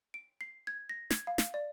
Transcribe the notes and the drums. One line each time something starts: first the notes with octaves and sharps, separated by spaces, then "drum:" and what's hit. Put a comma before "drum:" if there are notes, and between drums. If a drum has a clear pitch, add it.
D7
C7
G#6
A#6
G#6, drum: snare
F5
drum: snare
D5